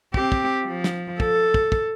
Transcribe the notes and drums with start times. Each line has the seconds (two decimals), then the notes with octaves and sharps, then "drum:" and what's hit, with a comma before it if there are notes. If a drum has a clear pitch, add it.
0.14 C4 G4, drum: kick
0.32 drum: kick
0.66 F3
0.84 drum: snare
1.20 A4, drum: kick
1.54 drum: kick
1.72 drum: kick